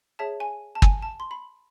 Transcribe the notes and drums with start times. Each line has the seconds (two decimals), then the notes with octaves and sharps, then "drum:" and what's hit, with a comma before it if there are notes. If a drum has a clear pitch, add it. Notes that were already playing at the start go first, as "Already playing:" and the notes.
0.19 G#4 C#5 E5 A5
0.40 G#5
0.75 A5
0.82 G#5, drum: kick
1.02 A5
1.20 C6
1.31 B5